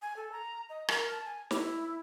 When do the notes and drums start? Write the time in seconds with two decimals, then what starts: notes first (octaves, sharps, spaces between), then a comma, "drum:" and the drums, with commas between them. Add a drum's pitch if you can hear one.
0.02 G#5
0.17 A4
0.32 A#5
0.70 D#5
0.88 A#4, drum: rim click
1.11 A5
1.26 G#5
1.51 E4, drum: snare